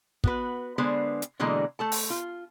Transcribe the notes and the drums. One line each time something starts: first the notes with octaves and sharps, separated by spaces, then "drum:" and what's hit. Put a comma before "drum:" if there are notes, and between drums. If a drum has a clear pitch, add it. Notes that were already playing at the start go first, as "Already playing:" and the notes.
B3 F#4 B4, drum: kick
D3 G#3 B3 G#4 C5
drum: hi-hat
B2 D3 E3 G#3 A#3 D#5
A3 A4 A5
drum: open hi-hat
F4